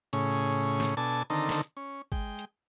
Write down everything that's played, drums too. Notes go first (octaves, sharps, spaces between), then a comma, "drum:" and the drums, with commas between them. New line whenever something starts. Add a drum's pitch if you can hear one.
A2 C#3 C#4 G#4, drum: hi-hat
drum: snare
B2 D4 A4 G#5 A5
D3 D#3 C4 D#4 A4 A#4
drum: snare
C#4
G#3 G5, drum: kick
drum: hi-hat